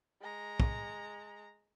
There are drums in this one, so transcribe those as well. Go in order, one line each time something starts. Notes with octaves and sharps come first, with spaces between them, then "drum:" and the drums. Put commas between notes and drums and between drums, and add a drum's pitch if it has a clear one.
G#3 A#5
drum: kick